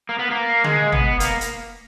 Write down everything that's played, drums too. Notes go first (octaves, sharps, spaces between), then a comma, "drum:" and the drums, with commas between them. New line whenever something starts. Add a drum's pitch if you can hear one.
A#3
B3
A#3
G#3, drum: tom D3
B3, drum: tom
A#3, drum: hi-hat
drum: hi-hat